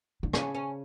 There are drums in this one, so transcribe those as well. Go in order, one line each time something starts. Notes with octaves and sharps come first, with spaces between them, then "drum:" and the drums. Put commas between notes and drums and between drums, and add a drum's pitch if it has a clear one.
D3
C#3 C#4, drum: rim click
C#4